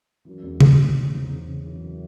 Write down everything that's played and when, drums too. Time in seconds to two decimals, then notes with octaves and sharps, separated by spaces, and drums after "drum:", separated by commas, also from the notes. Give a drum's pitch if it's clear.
0.25 F#2 E3
0.43 E2
0.61 E2, drum: tom
0.78 C#3
0.95 G#2 E3
1.13 E2
1.30 E2
1.47 C#3
1.65 F#2 E3